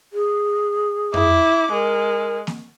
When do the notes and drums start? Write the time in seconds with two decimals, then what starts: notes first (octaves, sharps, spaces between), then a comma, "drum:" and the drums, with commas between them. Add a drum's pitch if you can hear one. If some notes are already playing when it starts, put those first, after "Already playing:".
0.13 G#4
1.14 E4 D6, drum: tom F2
1.71 G#3 A#4
2.47 drum: snare A#3